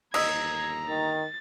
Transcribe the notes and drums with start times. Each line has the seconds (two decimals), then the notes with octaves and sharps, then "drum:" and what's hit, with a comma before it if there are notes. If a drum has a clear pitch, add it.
0.14 G1 D#2 D#5 A#5 D#6 E6 G#6, drum: cymbal
0.89 D#3 A6